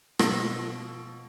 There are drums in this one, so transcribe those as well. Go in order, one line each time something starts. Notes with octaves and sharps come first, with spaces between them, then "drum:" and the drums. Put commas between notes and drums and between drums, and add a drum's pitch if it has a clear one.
B2 F3 E6 A#6 D7, drum: rim click